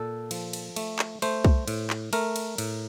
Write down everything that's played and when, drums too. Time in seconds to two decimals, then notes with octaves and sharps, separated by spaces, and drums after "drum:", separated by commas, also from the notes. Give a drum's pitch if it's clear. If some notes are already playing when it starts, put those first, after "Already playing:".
Already playing: A#2 A4
0.31 F3, drum: cymbal
0.53 drum: cymbal
0.76 A3, drum: cymbal
0.99 drum: clap
1.22 A3 C5, drum: cymbal
1.45 drum: kick
1.68 A2, drum: cymbal
1.90 drum: clap
2.13 A3 A#4, drum: cymbal
2.36 drum: cymbal
2.58 A2, drum: cymbal